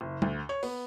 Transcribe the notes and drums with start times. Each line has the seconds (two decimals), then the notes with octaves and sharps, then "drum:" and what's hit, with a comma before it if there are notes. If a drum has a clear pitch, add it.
0.01 F#1
0.22 D2, drum: tom
0.49 C#5
0.63 B3, drum: open hi-hat